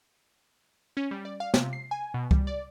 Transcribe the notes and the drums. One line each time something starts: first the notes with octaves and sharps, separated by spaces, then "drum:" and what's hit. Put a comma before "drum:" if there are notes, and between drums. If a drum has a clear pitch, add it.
C#4
G3
D5
F5
C3, drum: snare
C7
G#5
B2
G3, drum: kick C#2
D5